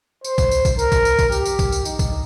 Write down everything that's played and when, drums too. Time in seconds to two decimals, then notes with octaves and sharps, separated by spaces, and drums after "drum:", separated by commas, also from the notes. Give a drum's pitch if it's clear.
0.25 C5, drum: tambourine
0.38 drum: kick A#1, tambourine
0.52 drum: tambourine
0.65 drum: kick A#1, tambourine
0.79 A#4, drum: tambourine
0.92 drum: kick A#1, tambourine
1.05 drum: tambourine
1.19 drum: kick A#1, tambourine
1.32 G4, drum: tambourine
1.46 drum: tambourine
1.59 drum: kick A#1, tambourine
1.72 drum: tambourine
1.85 D#4, drum: tambourine
1.99 drum: kick A#1, tambourine